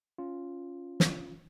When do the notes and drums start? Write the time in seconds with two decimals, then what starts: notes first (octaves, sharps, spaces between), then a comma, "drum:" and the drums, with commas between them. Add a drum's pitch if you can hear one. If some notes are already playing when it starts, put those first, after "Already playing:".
0.18 C#4 F4
1.00 drum: snare